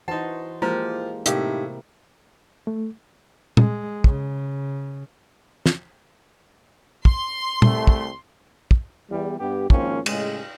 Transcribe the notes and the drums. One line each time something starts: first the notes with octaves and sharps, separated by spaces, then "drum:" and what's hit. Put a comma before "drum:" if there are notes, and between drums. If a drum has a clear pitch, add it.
E3 D#4 F#4 C5 F#5 A5
F3 G#3 A#3 E4 G4 C5
A2 C3 D#4 E4 G4 A#4 E5 F5, drum: hi-hat
A3
G#3, drum: tom
C#3, drum: kick
drum: snare
C6, drum: kick
C2 A3, drum: tom
drum: kick
drum: kick
E2 G3
G2 B3 G4
G#1 F3 A#3 C4 C#4, drum: kick
A2 C#3 G#3, drum: cymbal